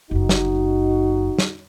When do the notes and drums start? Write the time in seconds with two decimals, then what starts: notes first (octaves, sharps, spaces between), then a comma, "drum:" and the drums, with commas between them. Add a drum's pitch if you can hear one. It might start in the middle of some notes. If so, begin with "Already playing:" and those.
0.11 F#1 F#2 D#4 F#4
0.29 drum: snare
1.39 drum: snare